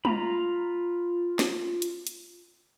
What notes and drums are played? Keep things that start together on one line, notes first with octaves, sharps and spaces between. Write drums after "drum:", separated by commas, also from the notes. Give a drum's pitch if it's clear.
F4 A#5 B5, drum: tom
drum: snare
drum: hi-hat
drum: hi-hat